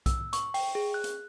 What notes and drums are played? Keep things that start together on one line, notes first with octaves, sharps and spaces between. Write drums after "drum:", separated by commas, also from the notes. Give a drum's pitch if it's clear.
E6, drum: kick B1, hi-hat
C#6, drum: hi-hat
G5, drum: open hi-hat
G#4
F#6
drum: hi-hat